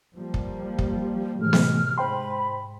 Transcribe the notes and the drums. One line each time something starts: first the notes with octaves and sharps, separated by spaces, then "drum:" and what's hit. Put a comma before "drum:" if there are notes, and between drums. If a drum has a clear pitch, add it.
F3 G3 A#3
drum: kick
drum: kick
A2 C3 E3 G#3 A3 F6
drum: snare B3
G#2 C5 G5 B5 C6